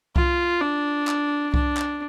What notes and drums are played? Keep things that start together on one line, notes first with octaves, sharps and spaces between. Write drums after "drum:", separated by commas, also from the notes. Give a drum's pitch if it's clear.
F4, drum: kick C2
D4
drum: clap
D4, drum: kick C2
drum: clap